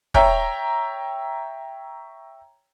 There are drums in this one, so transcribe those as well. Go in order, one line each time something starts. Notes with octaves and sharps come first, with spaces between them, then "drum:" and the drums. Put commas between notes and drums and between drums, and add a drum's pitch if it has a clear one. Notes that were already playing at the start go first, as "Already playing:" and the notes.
C#5 E5 G5 A#5, drum: kick